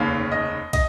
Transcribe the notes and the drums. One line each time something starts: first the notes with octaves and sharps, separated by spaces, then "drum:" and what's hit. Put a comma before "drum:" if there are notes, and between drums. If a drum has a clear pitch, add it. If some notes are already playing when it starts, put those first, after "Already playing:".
Already playing: F1 D#2 C#3 F5
D#5
D#5, drum: kick, cymbal